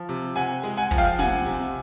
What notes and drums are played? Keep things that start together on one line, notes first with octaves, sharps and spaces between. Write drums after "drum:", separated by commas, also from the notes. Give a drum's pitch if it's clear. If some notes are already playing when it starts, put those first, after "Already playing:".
Already playing: F3
C3
C3 F#5 G#5
G#3, drum: hi-hat
F#5 G#5
F3, drum: kick
F5 G5
C3 F#5 G#5, drum: snare
C3